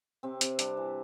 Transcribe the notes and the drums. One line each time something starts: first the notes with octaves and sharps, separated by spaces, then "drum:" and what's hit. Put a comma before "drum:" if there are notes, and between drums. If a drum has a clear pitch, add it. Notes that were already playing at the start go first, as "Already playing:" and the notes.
C3 C4
C3, drum: hi-hat
G3 D4, drum: hi-hat
E3